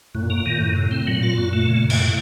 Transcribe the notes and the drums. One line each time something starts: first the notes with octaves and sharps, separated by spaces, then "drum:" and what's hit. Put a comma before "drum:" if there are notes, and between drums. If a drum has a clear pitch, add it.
F#2 A2
A#2
A2 A#3
A#2
A2 D#3
A#2
F#2 A2
C3
C4
A#2 F#3
F4
F#2 A#2
A3
C#3
F#2
A#2, drum: cymbal
A2 C3